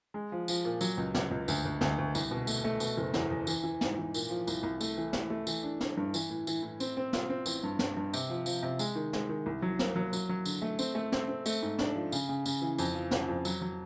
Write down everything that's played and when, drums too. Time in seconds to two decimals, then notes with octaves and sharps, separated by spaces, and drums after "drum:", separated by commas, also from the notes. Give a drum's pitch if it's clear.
0.14 G#3
0.32 F3
0.48 F3, drum: tambourine
0.65 A#2
0.81 F#3, drum: tambourine
0.98 C#2
1.14 C#2, drum: snare
1.31 C#2
1.48 D2, drum: tambourine
1.65 D2
1.81 D2, drum: snare
1.98 D2
2.15 C2, drum: tambourine
2.31 B2
2.47 A3, drum: tambourine
2.64 A3
2.80 B2, drum: tambourine
2.97 F#1
3.14 E2, drum: snare
3.30 E2
3.47 E3, drum: tambourine
3.64 E3
3.81 G#2, drum: snare
3.98 E3
4.14 A#2, drum: tambourine
4.30 F3
4.47 C2, drum: tambourine
4.63 C2
4.81 A3, drum: tambourine
4.97 E3
5.13 A3, drum: snare
5.30 A3
5.47 E3, drum: tambourine
5.63 D4
5.80 D4, drum: snare
5.97 G2
6.14 E3, drum: tambourine
6.30 A2
6.47 E3, drum: tambourine
6.63 A2
6.80 C4, drum: tambourine
6.97 C4
7.13 F4, drum: snare
7.30 C4
7.46 A1, drum: tambourine
7.63 G2
7.79 G2, drum: snare
7.97 G2
8.13 C3, drum: tambourine
8.30 F3
8.46 F3, drum: tambourine
8.63 C3
8.79 G#3, drum: tambourine
8.95 D#3
9.13 G#3, drum: snare
9.29 D#3
9.46 C2
9.62 F#3
9.79 A#3, drum: snare
9.96 F#3
10.13 F#3, drum: tambourine
10.29 F#3
10.45 D3, drum: tambourine
10.62 A3
10.79 C4, drum: tambourine
10.95 A3
11.12 C4, drum: snare
11.28 C4
11.46 A3, drum: tambourine
11.62 G#2
11.79 D4, drum: snare
11.96 F3
12.12 C#3, drum: tambourine
12.29 C#3
12.46 C#3, drum: tambourine
12.62 E3
12.78 F2, drum: tambourine
12.94 F3
13.11 C#3, drum: snare
13.28 F2
13.45 F#3, drum: tambourine
13.61 F#3